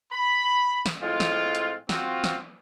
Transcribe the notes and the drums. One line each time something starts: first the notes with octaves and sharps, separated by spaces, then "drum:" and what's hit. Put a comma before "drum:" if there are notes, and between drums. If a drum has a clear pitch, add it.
B5
drum: snare
A2 G#3 C4 F4
drum: snare
drum: hi-hat
C4 F4 F#4, drum: snare
drum: snare